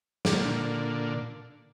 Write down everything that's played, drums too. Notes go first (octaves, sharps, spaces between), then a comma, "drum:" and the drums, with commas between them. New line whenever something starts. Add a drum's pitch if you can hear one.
A#2 D3, drum: snare